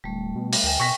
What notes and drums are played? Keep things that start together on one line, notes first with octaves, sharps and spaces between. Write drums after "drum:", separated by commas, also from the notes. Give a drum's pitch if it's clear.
D1 G3 A3
B2
drum: open hi-hat
D2 G5 G#5
B2 C#6 A#6 B6